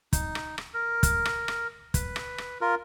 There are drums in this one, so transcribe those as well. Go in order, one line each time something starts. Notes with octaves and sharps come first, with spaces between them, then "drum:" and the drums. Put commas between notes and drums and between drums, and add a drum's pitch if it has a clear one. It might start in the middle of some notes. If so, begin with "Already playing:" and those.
D#4, drum: kick, hi-hat
drum: rim click
drum: rim click
A#4
drum: kick, hi-hat
drum: rim click
drum: rim click
B4, drum: kick, hi-hat
drum: rim click
drum: rim click
F4 A#4